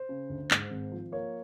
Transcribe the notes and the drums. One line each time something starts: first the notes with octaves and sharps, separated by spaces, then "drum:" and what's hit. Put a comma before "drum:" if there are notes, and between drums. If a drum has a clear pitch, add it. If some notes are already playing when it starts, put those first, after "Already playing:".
Already playing: C5
C#3
D2
G#2, drum: clap
G#1
F3
A#3 C#5